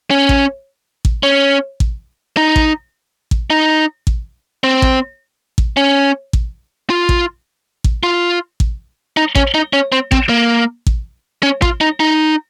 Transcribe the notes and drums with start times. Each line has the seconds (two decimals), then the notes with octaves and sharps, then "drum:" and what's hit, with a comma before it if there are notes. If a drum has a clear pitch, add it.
0.11 C#4
0.29 drum: kick A1
1.05 drum: kick A1
1.23 C#4
1.80 drum: kick A1
2.37 D#4
2.56 drum: kick A1
3.31 drum: kick A1
3.50 D#4
4.07 drum: kick A1
4.64 C4
4.82 drum: kick A1
5.58 drum: kick A1
5.77 C#4
6.33 drum: kick A1
6.90 F4
7.09 drum: kick A1
7.84 drum: kick A1
8.03 F4
8.60 drum: kick A1
9.17 D#4
9.35 C#4, drum: kick A1
9.55 D#4
9.73 C#4
9.92 C4
10.12 C4, drum: kick A1
10.29 A#3
10.87 drum: kick A1
11.43 C#4
11.62 F4, drum: kick A1
11.81 D#4
12.00 D#4